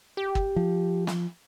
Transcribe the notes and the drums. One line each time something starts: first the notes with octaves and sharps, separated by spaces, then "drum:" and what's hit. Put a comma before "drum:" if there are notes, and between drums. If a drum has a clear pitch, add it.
G4
drum: kick
F3
drum: snare